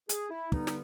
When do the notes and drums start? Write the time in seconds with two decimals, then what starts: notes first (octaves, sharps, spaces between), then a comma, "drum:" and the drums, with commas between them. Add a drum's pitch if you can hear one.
0.09 G#4, drum: hi-hat
0.30 E4
0.52 G2 D3 G3 B3 D#4, drum: kick
0.67 drum: snare